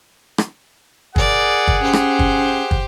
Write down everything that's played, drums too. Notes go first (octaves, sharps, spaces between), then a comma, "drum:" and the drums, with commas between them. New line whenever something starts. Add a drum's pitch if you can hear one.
drum: rim click
G#4 A#4 D5 F#5, drum: kick
drum: kick
C#4 G4 C5
drum: rim click
drum: kick
drum: kick